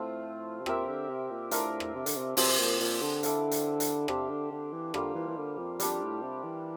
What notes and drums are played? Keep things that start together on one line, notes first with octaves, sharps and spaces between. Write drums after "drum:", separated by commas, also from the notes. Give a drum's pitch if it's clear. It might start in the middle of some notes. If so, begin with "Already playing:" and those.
Already playing: A2 F3 A3 C4 F4
C3
A#2 C4 G4 A#4 E5, drum: rim click
D3
C3
A#2
A2 D4 F4 A#4 E5, drum: hi-hat
drum: rim click
C3
D3, drum: hi-hat
C3
C3 F3 C4 G4, drum: open hi-hat
A#2
A#2
D3
E4 A4 D5 F5, drum: hi-hat
drum: hi-hat
drum: hi-hat
C3 D4 G4 C5 F5, drum: rim click
D3
D3
E3
D3 G3 A#3 F4, drum: rim click
E3
E3
D3
F2
F2 G3 D4 G4, drum: hi-hat
A2
C3
E3